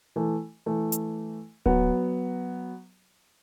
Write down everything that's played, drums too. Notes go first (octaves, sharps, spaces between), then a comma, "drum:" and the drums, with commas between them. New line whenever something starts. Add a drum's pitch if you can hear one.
E3 A3
E3 A3
drum: hi-hat
F#3 B3, drum: kick D1